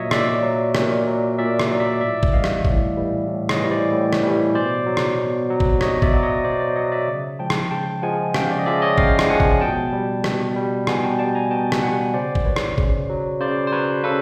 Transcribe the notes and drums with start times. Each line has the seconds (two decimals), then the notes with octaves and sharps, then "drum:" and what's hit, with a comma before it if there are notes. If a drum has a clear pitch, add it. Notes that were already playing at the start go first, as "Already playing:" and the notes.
Already playing: A#2 F#3 C#5 D#5 E5
0.11 A#2 D5 E5, drum: rim click
0.43 F#3
0.75 A#2, drum: rim click
1.07 F#3
1.38 A#2 D5 E5
1.59 drum: rim click
1.70 F#3
1.80 D5 E5
2.01 A2 D5 E5
2.23 drum: kick G#1
2.33 E3 G3 D#5 F5
2.44 drum: rim click
2.65 A2, drum: kick G#1
2.97 E3 G3
3.28 A2
3.49 C#5 D#5, drum: rim click
3.60 E3 G3
3.70 C5 D5
3.92 A2
4.13 drum: rim click
4.23 E3 G3
4.55 B2 C5 D5
4.86 F#3
4.97 drum: rim click
5.18 B2
5.50 F#3
5.60 drum: kick G#1
5.81 B2 C#5 D#5, drum: rim click
6.02 D5 E5, drum: kick G#1
6.13 F#3
6.23 C#5 D#5
6.44 B2 C5 D5
6.60 C5 D5
6.76 F#3 C#5 D#5
6.92 D5 E5
7.08 C#3
7.39 F3 G#3 G5 A5
7.50 drum: rim click
7.71 C#3 G5 A5
8.02 F3 G#3 F#5 G#5
8.34 C#3 F5 G5, drum: rim click
8.51 D5
8.59 D#5
8.66 F3 G#3 D5 E5
8.82 C#5 D#5
8.98 C#3 F5 G5, drum: kick G#1
9.19 drum: rim click
9.29 F3 G#3 F#5 G#5
9.40 drum: kick G#1
9.61 B2 G5 A5
9.93 G3
10.24 B2, drum: rim click
10.56 G3
10.87 B2 F#5 G#5, drum: rim click
11.03 G5 A5
11.19 G3 G5 A5
11.35 G#5 A#5
11.51 B2 G5 A5
11.72 drum: rim click
11.83 G3 F#5 G#5
12.14 C#3 C5 D5
12.35 drum: kick G#1
12.45 F#3 B4 C#5
12.56 drum: rim click
12.78 C#3, drum: kick G#1
13.09 F#3
13.40 C#3 C5 D5
13.67 C5
13.72 F#3 B4 C#5
14.04 C#3 A4 B4